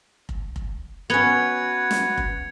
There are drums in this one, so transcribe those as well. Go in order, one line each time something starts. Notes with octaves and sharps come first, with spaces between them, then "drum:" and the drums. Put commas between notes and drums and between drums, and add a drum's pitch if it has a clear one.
drum: kick F1
drum: kick F1
B3 C#4 F#4 B4 G#6 C#7 F7
drum: snare
drum: kick F1